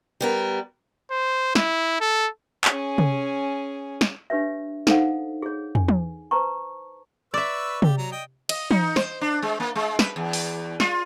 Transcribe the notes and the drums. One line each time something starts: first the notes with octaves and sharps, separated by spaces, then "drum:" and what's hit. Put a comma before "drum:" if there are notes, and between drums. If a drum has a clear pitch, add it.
G3 B3 A#4
C5
E4, drum: snare
A4
C#4 G#4, drum: clap
drum: tom
drum: snare
D4 G4 B4 C#5 E5
D#4 A4 C5 F5 F#5, drum: snare
G#4 C#5
G#5, drum: tom
drum: tom
B4 C5 A5 A#5 C#6
B4 D5 E5 C#6 E6
G4, drum: tom
F#3 A#5
D#5 G5
D#5, drum: cymbal
D#4, drum: tom
C5, drum: snare
D4
G#3
A#3
G#3
B4, drum: snare
E2
drum: open hi-hat
F4, drum: snare